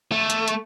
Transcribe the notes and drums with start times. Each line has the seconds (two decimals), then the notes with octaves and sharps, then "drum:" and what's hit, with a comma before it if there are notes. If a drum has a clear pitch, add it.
0.12 A3
0.30 drum: hi-hat
0.48 drum: hi-hat